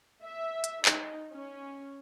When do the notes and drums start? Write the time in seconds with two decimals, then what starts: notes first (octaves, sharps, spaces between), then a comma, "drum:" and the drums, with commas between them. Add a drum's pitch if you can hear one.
0.23 E5
0.64 drum: hi-hat
0.85 D#4, drum: clap
1.32 C#4